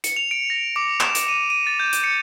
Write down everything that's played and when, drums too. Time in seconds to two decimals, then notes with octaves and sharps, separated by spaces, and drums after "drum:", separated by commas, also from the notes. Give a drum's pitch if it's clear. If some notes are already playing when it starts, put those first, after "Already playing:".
0.04 C#7, drum: hi-hat
0.16 F7
0.31 D7
0.50 A#6
0.76 D6
1.00 E7, drum: clap
1.15 E7, drum: hi-hat
1.28 D#7
1.50 D#7
1.67 A6
1.80 G6
1.93 drum: hi-hat
2.04 C#7